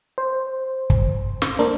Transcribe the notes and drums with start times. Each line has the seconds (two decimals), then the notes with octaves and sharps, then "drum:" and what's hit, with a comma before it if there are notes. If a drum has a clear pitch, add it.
0.18 C5
0.90 drum: kick
1.42 drum: snare
1.59 A#3 D4 A#4 C5